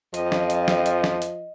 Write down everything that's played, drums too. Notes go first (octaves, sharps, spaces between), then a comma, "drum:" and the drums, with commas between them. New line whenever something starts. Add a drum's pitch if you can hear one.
F2 F3 D#5, drum: hi-hat
drum: snare
drum: hi-hat
drum: snare
drum: hi-hat
drum: snare
drum: hi-hat